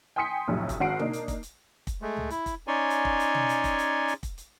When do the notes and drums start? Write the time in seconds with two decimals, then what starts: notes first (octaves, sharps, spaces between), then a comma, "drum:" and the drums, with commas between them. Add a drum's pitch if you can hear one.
0.16 G5 G#5 C6 D#6 B6 C#7
0.48 B1 F2 A2 C3
0.69 drum: kick, hi-hat
0.80 G#1 F#4 F#5 C7 D7
0.99 A#3 D4 D#4, drum: tom B2
1.13 drum: hi-hat
1.28 drum: kick, hi-hat
1.43 drum: hi-hat
1.87 drum: kick, hi-hat
2.02 G#3 A3
2.17 drum: tom C#2
2.30 E4, drum: hi-hat
2.46 drum: kick, hi-hat
2.68 C#4 D#4 C#5 D5 G#5 C6
2.90 drum: hi-hat
3.05 drum: kick
3.20 drum: hi-hat
3.34 drum: tom B2
3.49 drum: hi-hat
3.64 drum: kick, hi-hat
3.79 drum: hi-hat
4.08 drum: hi-hat
4.23 drum: kick, hi-hat
4.38 drum: hi-hat